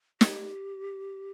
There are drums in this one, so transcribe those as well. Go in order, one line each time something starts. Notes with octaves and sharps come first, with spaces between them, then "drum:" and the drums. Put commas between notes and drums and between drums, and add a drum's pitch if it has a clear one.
G4, drum: snare